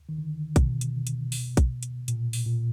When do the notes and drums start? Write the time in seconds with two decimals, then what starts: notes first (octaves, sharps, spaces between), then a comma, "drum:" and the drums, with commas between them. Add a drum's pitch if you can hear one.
0.09 D#3
0.18 D3
0.56 B2, drum: kick A#1, hi-hat
0.81 drum: hi-hat
1.07 drum: hi-hat
1.32 drum: open hi-hat
1.57 drum: kick A#1, hi-hat
1.83 drum: hi-hat
2.08 A#2, drum: hi-hat
2.33 drum: open hi-hat
2.46 A#2